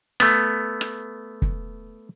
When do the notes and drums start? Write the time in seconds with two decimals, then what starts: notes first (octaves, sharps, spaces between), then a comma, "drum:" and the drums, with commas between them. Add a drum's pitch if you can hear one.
0.20 A3 B3, drum: rim click
0.81 drum: rim click
1.42 drum: kick